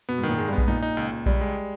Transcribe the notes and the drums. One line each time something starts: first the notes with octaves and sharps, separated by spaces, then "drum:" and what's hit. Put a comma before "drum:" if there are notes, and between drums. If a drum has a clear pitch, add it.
B2 B3
G#2
D#3
A#2
G#2 G#3
G2
B3
G#2, drum: kick A#1
A#2 D#4
D#4
C#2
C#2
C#2 G3, drum: kick A#1
G#3